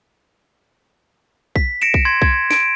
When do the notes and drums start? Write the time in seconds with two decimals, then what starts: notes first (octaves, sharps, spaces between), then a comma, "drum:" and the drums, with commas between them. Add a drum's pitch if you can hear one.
1.56 B6, drum: kick B1
1.82 A#6 C#7 D7 E7
1.94 drum: kick B1
2.05 C6 G#6
2.22 G#6, drum: kick B1
2.51 D7, drum: snare